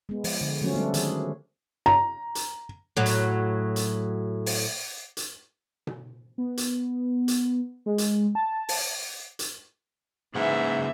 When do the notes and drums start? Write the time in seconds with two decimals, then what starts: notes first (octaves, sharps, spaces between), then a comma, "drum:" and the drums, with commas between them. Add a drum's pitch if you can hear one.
0.09 G#3 B3
0.24 F3, drum: open hi-hat
0.41 D3
0.62 F3 F#3 A3 C#4 F#4
0.74 G3 A3 B3 D4
0.94 D#3 G#4, drum: hi-hat
1.86 A#5
2.35 drum: hi-hat
2.97 A2 F#3
3.06 drum: hi-hat
3.76 drum: hi-hat
4.46 drum: open hi-hat
5.17 drum: hi-hat
5.87 drum: tom B2
6.38 B3
6.57 drum: hi-hat
7.28 drum: hi-hat
7.86 G#3
7.98 drum: hi-hat
8.35 A5
8.69 drum: open hi-hat
9.39 drum: hi-hat
10.35 G#2 C#3 E3 A#3 E5 F#5